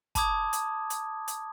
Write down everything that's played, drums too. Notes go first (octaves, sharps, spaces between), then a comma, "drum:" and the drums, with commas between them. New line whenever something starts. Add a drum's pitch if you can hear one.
A5 B5 D6 D#6 G#6, drum: kick, hi-hat
drum: hi-hat
drum: hi-hat
drum: hi-hat